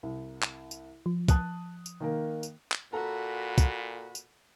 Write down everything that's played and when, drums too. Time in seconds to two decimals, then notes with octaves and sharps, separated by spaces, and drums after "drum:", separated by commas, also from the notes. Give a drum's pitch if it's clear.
0.03 C2
0.43 drum: clap
0.71 drum: tambourine
1.06 F3
1.28 A5 D#6 F#6, drum: kick, tambourine
1.86 drum: tambourine
2.00 D#3 A#3 A#4
2.43 drum: tambourine
2.72 drum: clap
2.93 A#2 F#4 A4 A#5 B5
3.58 drum: kick, tambourine
4.15 drum: tambourine